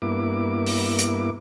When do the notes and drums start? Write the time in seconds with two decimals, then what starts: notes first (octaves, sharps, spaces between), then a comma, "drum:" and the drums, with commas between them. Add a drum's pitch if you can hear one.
0.02 G2 A#3 B3 E4 D6
0.66 drum: open hi-hat
0.99 drum: hi-hat